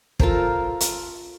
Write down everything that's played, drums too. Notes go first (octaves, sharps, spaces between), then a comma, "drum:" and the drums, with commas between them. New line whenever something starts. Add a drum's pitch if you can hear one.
F4 A4 A#4 C5, drum: kick
drum: hi-hat